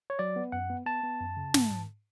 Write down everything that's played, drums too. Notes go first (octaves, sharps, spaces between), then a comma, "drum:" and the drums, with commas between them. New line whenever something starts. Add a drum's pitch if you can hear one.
C#5
F#3 D5
B3
F#2 F#5
B3
B3 A5
B3
F#2
C#3
G#2, drum: snare
G#2